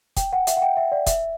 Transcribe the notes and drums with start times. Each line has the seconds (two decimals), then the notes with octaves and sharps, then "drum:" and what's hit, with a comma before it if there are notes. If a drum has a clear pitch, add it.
0.17 G5, drum: kick, hi-hat
0.33 F#5
0.47 E5, drum: hi-hat
0.57 F#5
0.62 G5
0.77 E5
0.92 D5
1.07 E5, drum: kick, hi-hat